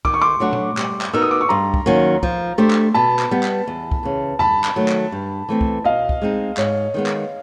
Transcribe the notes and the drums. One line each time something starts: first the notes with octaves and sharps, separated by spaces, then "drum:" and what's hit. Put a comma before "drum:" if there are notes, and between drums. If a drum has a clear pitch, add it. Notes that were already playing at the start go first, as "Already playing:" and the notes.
D#3 D6, drum: kick
C#6
C6 D6
F#3 A3 D4 F#4
drum: tom A#2
G3, drum: clap
drum: clap
B3 D#4 F#4 A#4 E6
D#6
D6
C#6
G2 A#5 C6
drum: kick
D#3 F#3 A#3 C#4
F3, drum: kick
A3 D4 G4 C5
drum: clap
B2 A5 B5
drum: clap
G3 B3
drum: clap
E2
drum: kick
C#3 E3
G2 A5 B5, drum: tom E2
drum: clap
D#3 F#3 A3
drum: clap
G2
E3 A3 C4
drum: kick
B2 D#5 F5
drum: kick
G#3 C4 D#4
G#2 C#5, drum: clap
D#3 G#3 B3
drum: clap